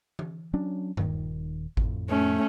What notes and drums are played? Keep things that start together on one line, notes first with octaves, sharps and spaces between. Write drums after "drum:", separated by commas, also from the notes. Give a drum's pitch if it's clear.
drum: tom
F#3 C#4 D4
D#1 D#3, drum: tom G2
F2 A2, drum: kick G#1
A3 C#4